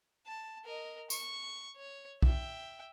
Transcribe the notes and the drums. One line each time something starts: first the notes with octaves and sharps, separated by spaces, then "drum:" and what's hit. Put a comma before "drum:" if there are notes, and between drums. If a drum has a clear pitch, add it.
A5
A#4 D#5
C#6, drum: tambourine
C#5
E5 G5, drum: kick B1